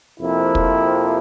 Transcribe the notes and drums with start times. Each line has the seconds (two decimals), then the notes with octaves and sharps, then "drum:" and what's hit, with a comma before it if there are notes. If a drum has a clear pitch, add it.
0.20 F2 C3 F3 A#3 E4
0.55 drum: kick